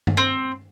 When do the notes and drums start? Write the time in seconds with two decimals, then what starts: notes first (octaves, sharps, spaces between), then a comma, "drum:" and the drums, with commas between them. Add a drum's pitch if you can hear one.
0.07 drum: tom G2
0.17 C4